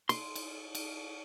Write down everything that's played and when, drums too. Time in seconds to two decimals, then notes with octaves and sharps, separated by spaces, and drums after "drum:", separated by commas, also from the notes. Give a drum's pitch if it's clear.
0.09 C6, drum: cymbal
0.35 drum: cymbal
0.75 drum: cymbal